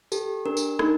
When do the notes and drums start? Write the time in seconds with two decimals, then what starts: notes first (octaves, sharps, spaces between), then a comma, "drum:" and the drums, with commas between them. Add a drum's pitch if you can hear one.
0.12 G4 A4, drum: tambourine
0.46 D4 A#4
0.57 drum: tambourine
0.79 D#4 A#4, drum: rim click